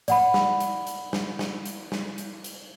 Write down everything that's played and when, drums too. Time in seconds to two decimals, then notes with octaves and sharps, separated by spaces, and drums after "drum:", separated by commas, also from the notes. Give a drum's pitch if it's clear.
0.08 D5 F#5 B5, drum: hi-hat
0.34 drum: snare
0.60 drum: hi-hat
0.87 drum: hi-hat
1.13 drum: snare
1.39 drum: snare
1.66 drum: hi-hat
1.92 drum: snare
2.18 drum: hi-hat
2.44 drum: hi-hat